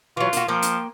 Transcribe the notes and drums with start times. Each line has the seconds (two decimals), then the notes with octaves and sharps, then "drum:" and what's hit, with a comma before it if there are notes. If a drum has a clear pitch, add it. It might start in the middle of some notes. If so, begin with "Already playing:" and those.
0.17 E3 F#3 F4
0.33 A#3 F#4, drum: hi-hat
0.48 F3 A#3 G5
0.62 drum: hi-hat